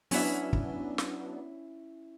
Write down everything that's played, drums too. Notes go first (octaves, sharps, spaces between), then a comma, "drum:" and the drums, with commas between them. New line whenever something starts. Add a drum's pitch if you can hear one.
F#3 B3 C#4 D4 E4 E5, drum: open hi-hat
drum: kick
drum: snare